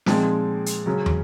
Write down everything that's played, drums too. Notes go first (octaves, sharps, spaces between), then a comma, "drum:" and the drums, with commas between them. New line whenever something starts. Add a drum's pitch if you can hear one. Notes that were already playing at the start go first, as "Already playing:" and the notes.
A#2 F3 G#3 C4 D#4, drum: snare
drum: hi-hat
C#3 F#3 C#4
drum: tom